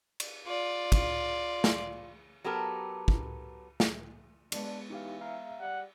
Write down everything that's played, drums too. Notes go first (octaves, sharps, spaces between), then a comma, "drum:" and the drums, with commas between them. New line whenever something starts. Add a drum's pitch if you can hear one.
drum: cymbal
F4 D5
drum: kick, cymbal
drum: snare
F#3 B3 G4 A4 A#4
drum: kick
drum: snare
G#3 B3 D4, drum: cymbal
E3 D#4 G4 F5
E5 F5 A#5
G3 F#5